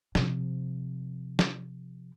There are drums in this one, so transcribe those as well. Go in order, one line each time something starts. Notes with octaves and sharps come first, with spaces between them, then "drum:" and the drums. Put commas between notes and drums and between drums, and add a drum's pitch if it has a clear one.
C3 F3, drum: snare
drum: snare